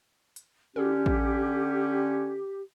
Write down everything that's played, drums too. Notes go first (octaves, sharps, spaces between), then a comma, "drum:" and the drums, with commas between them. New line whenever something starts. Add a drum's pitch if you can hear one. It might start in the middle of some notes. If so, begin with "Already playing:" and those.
drum: hi-hat
D3 C#4 G4, drum: tom
drum: kick A1